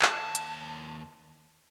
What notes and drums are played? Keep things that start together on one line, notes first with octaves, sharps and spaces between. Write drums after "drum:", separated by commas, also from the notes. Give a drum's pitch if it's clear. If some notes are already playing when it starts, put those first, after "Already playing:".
D#2 A5, drum: clap
drum: hi-hat